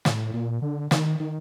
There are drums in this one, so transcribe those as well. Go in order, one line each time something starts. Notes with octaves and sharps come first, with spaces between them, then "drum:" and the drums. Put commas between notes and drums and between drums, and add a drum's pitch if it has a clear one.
A2, drum: snare
A#2
D3
D#3, drum: snare
D#3